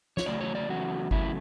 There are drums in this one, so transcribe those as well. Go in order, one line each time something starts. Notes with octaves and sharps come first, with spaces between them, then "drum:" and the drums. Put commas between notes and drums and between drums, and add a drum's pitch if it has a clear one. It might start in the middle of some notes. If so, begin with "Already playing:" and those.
C#5, drum: snare
E2 C#3 F#3 A3 D5
C#5
D5
E2 C#3 F#3 A3 F#4
E2 C#3 F#3 A3 E4, drum: kick G1